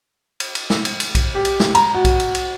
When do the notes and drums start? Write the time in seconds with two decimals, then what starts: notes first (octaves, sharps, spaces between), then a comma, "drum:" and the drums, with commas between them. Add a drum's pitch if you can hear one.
0.40 drum: cymbal
0.55 drum: cymbal
0.70 drum: snare A3
0.85 drum: cymbal
1.00 drum: cymbal
1.15 drum: kick B1, cymbal
1.35 G4
1.45 drum: cymbal
1.60 drum: snare A3
1.75 A#5, drum: cymbal
1.95 F#4
2.05 drum: kick B1, cymbal
2.20 drum: cymbal
2.35 drum: cymbal